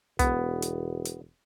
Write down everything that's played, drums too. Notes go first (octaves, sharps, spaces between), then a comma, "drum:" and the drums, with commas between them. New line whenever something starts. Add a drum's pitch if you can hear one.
E1 B3, drum: kick, hi-hat
drum: hi-hat
drum: hi-hat